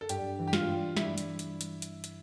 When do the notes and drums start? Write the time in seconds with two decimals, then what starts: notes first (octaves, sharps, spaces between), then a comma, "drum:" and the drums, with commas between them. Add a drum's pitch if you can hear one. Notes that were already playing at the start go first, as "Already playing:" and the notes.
0.01 A4
0.09 G2 G4, drum: hi-hat
0.39 E3
0.47 G4
0.53 F4, drum: snare
0.67 G2
0.97 G3 E4, drum: snare
1.18 drum: hi-hat
1.39 drum: hi-hat
1.61 drum: hi-hat
1.82 drum: hi-hat
2.04 drum: hi-hat